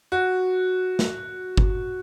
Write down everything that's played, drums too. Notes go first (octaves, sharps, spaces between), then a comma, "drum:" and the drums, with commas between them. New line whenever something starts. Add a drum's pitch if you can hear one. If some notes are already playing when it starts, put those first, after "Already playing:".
F#4
drum: snare
drum: kick G1